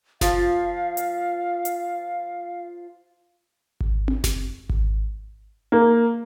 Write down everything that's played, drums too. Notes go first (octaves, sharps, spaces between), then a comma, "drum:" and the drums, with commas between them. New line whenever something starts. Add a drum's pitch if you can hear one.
F3 F5, drum: snare F#1
drum: hi-hat
drum: hi-hat
drum: kick G#1
drum: tom C4
drum: snare F#1
drum: kick G#1
A#3